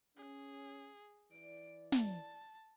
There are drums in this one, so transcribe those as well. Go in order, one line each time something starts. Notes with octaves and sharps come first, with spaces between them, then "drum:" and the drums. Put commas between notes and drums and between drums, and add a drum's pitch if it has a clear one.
C#4 G#4
E3 D5 D7
A5, drum: snare